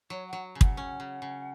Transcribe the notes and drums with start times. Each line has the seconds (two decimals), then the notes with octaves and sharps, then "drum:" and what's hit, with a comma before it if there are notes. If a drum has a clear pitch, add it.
0.10 F#3 C#5
0.27 F#5
0.33 F#3
0.55 C#3
0.61 F#5, drum: kick
0.77 C#4
1.00 C#3
1.22 C#3